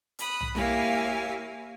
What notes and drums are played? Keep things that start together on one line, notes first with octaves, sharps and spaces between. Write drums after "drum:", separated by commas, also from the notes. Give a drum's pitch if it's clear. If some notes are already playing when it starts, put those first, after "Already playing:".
B5 D#6 F#6, drum: hi-hat
drum: tom
A#3 E4 G4 C#5 F5 G#5, drum: snare D#4